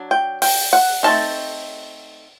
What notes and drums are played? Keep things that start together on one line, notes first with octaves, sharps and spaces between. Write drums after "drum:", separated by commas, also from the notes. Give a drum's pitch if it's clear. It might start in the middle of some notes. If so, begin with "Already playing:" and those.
Already playing: F#3 D4
G5
G5, drum: open hi-hat
F#5
A3 C4 D#4 A5